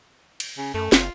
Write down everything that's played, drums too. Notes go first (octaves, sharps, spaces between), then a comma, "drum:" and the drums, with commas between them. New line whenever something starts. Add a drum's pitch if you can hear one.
drum: cymbal
C#3
F#2 A3
F#1 F4, drum: snare